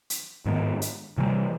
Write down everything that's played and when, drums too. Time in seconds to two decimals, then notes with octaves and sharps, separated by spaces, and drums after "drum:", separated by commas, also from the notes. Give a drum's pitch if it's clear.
0.10 drum: hi-hat
0.46 G#2 D#3 G#3 B3
0.82 drum: hi-hat
1.18 C3 E3 G3